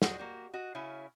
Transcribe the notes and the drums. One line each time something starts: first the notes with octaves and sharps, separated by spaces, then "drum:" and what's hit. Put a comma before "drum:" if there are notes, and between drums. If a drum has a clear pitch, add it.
G3 G#3 F#4, drum: snare
A#3 F#4 G4
F#4 D#5
C#3 C#4 E4